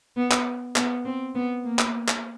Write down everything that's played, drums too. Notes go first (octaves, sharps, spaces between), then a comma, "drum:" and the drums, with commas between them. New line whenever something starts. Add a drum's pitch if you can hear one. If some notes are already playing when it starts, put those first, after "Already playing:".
B3
drum: clap
B3, drum: clap
C4
B3
A#3
drum: clap
drum: clap